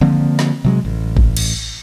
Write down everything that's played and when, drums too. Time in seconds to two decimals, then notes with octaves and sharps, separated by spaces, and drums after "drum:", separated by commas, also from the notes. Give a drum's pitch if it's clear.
0.01 D3 F3 A#3 C4
0.39 drum: snare
0.64 C3 F#3 G#3
0.85 A1
1.17 drum: kick G#1
1.37 drum: cymbal